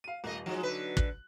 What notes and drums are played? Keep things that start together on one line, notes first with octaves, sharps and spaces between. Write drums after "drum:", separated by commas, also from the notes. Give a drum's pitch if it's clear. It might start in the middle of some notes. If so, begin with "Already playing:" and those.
F5 D#7
D#1 A3 D#5
F3 F#3 G#3 D#4 F#4
D3 B4
F#6, drum: kick